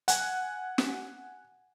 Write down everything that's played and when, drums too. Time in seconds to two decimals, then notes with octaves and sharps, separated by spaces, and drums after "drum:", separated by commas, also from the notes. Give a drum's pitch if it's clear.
0.08 F#5 G#5, drum: hi-hat
0.78 drum: snare